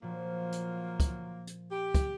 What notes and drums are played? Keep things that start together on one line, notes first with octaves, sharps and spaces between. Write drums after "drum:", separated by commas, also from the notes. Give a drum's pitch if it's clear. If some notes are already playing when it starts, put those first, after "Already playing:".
A#2 F3 F#3 A#3 F4
drum: hi-hat
drum: kick, hi-hat
drum: hi-hat
G4
drum: kick, hi-hat